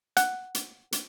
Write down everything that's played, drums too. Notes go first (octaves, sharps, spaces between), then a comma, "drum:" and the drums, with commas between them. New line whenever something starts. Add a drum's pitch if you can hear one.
F#5, drum: hi-hat
drum: hi-hat
drum: hi-hat